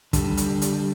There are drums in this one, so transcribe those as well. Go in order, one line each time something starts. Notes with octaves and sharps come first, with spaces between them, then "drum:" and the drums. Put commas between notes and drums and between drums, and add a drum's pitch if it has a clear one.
D3 G3, drum: kick, hi-hat
drum: hi-hat
drum: hi-hat